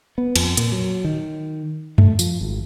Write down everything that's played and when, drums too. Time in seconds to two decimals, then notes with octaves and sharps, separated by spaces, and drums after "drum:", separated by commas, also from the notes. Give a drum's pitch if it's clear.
0.18 B3
0.36 F2, drum: cymbal
0.57 A#2, drum: hi-hat
0.72 F#3
1.04 D#3
1.98 A3, drum: tom F#2
2.19 F3, drum: tambourine
2.41 G#1